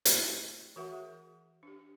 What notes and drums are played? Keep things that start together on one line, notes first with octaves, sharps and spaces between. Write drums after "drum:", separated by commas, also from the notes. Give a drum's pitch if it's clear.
A3 E4 F#4 C5 F5, drum: hi-hat
E3 F#4 A#4 E5 F#5 C#6
G#4
D4 G4